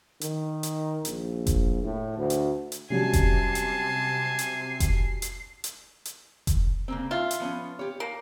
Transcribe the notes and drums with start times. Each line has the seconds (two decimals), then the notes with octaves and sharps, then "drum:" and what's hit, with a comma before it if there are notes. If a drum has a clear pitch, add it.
0.21 D#3, drum: hi-hat
0.63 drum: hi-hat
1.05 A#1, drum: hi-hat
1.47 drum: kick F1, hi-hat
1.83 A2
2.17 D2
2.30 drum: hi-hat
2.72 drum: hi-hat
2.90 C3 F#3 G3 C#4 G#5 A5 C7
3.13 drum: kick F1, hi-hat
3.55 drum: hi-hat
4.39 drum: hi-hat
4.80 drum: kick F1, hi-hat
5.22 drum: hi-hat
5.64 drum: hi-hat
6.05 drum: hi-hat
6.47 drum: kick F1, hi-hat
6.88 C#3 A#3 C4
7.11 F4 E5
7.31 drum: hi-hat
7.40 F3 B3 C#4
7.79 G4 C#5
8.00 A#3